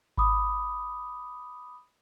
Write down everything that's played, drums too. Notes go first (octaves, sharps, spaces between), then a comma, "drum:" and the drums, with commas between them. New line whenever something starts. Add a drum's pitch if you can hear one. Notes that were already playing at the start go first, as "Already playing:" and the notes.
B5 D6 D#6, drum: kick G#1